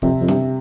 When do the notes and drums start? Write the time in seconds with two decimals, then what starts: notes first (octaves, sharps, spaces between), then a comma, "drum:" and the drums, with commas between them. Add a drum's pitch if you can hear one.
0.02 F2 C3, drum: kick
0.21 F2
0.28 G2 C3, drum: snare